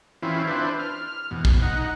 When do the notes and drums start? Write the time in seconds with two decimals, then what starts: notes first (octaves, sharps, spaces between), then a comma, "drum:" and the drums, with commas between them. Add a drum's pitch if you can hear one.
0.23 E3 C4 C#4 E4 F4
0.47 D4 E4 B4 C5
0.79 F6
1.31 E2 B2
1.45 drum: kick
1.62 D#4 F#5